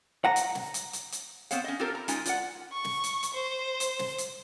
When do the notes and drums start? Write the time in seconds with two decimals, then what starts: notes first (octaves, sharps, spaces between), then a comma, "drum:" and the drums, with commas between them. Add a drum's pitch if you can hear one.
0.25 F#5 A#5
0.36 drum: hi-hat
0.55 drum: snare
0.74 drum: hi-hat
0.93 drum: hi-hat
1.12 drum: hi-hat
1.51 B3 C4 C5 C#5 F5, drum: hi-hat
1.64 C#4 D#5
1.79 C4 F4 G4 A4 A#4 C5
1.95 A#5
2.08 G#3 C#4 D#4 F4 G#5, drum: hi-hat
2.26 F4 D5 F#5, drum: hi-hat
2.72 C#6
2.84 drum: snare
3.04 drum: hi-hat
3.23 drum: hi-hat
3.34 C5
3.80 drum: hi-hat
3.99 drum: snare
4.18 drum: hi-hat